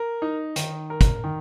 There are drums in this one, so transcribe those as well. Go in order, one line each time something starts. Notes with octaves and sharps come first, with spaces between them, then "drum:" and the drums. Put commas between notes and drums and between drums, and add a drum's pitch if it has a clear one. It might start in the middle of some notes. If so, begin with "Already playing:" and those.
Already playing: A#4
D#4
D#3, drum: hi-hat
A#4
drum: kick, hi-hat
D#3